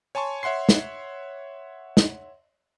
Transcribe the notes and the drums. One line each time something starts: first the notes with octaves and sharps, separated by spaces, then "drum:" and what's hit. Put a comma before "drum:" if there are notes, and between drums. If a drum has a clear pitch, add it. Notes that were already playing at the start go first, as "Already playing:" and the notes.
C#5 G#5 A5 C6 C#6
C#5 E5 F#5 C6 C7
drum: snare
drum: snare